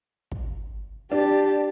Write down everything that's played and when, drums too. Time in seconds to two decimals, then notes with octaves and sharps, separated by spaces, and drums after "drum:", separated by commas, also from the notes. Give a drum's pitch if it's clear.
0.32 drum: kick
1.12 D4 G4 A5